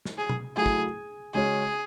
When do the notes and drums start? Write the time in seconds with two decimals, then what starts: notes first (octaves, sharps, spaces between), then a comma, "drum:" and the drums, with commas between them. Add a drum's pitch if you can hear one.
0.05 drum: snare
0.18 G#4
0.29 drum: tom B2
0.57 F#3 A3 E4 G#4
0.66 drum: kick
1.34 C#3 G#3 C#4 F#4 G#4 C#5